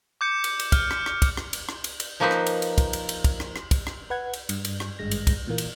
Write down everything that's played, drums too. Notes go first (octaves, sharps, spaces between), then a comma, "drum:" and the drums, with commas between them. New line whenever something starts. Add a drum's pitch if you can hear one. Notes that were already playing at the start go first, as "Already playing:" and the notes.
D6 G6 C#7
drum: cymbal
drum: cymbal
F6, drum: kick, cymbal
drum: rim click
drum: rim click
drum: kick, cymbal
drum: rim click
drum: cymbal
drum: rim click
drum: cymbal
drum: cymbal
F3 A#3 D#4 B4 C5
drum: rim click
drum: cymbal
drum: cymbal
drum: kick, cymbal
drum: cymbal
drum: cymbal
drum: kick, cymbal
drum: rim click
drum: rim click
drum: kick, cymbal
drum: rim click
B4 F#5 G#6
drum: cymbal
G2, drum: cymbal
drum: cymbal
drum: rim click
G#1 G2 G#3 A#6
drum: cymbal
drum: kick, cymbal
A#2 E3 A#3
drum: cymbal